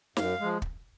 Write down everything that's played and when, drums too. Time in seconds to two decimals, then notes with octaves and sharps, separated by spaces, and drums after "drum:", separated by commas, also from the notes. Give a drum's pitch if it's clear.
0.17 F#2 F5, drum: snare
0.40 F3 G#3
0.62 drum: kick